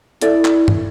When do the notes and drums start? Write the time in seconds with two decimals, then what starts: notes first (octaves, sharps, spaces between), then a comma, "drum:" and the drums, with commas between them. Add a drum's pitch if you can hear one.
0.21 E4 A4 D5 E5, drum: hi-hat
0.45 drum: clap
0.68 drum: tom